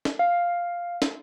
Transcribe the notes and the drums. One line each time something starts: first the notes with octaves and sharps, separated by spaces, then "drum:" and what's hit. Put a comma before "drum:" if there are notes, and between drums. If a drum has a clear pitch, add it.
drum: snare
F5
drum: snare